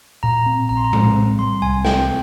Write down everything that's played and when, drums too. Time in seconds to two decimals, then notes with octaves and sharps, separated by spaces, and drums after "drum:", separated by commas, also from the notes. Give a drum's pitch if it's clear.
0.23 A#2 A#5
0.46 C4
0.69 A#1 A#5
0.77 C6
0.84 A#5
0.93 G#3, drum: tom A2
1.15 C4
1.38 G3 C6
1.62 C2 G#5
1.85 C4 G5, drum: snare